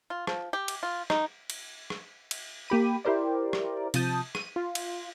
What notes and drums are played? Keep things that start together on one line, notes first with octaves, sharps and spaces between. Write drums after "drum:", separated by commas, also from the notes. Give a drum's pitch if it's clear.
F4
F3, drum: rim click
G4
drum: cymbal
F4
D#4, drum: rim click
drum: cymbal
drum: rim click
drum: cymbal
A#3 G4 B5 D#7
E4 G4 A#4 C5 D5
drum: rim click
C3 F3 A5 D#6 G6, drum: cymbal
D#7, drum: rim click
F4
drum: cymbal